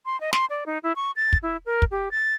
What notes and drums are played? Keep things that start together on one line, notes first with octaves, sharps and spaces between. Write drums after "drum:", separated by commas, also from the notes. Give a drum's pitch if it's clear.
C6
D#5
C6, drum: snare
D5
D#4
E4
C#6
A6
drum: kick
E4
A#4
drum: kick
G4
A6